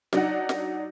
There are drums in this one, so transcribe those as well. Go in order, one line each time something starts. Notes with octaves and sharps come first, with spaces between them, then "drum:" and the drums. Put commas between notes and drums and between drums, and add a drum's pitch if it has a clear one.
F#3 D4 D#4 F#5, drum: snare
drum: snare